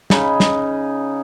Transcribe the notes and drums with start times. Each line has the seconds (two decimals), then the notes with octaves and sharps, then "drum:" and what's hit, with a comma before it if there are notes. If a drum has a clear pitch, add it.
0.10 C#3 D#4 D#5 B5, drum: snare
0.40 drum: snare